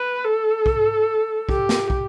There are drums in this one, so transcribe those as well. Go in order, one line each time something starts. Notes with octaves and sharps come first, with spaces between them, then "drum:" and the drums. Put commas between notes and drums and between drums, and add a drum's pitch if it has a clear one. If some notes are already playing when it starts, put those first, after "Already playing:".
Already playing: B4
A4
drum: kick
G4, drum: kick
drum: snare
drum: kick